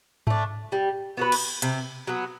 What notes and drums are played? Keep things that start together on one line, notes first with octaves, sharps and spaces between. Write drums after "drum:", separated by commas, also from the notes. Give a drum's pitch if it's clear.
A3 D4, drum: tom G#2
G3
B3 F#4 B4
drum: cymbal
C3, drum: hi-hat
F#3 B3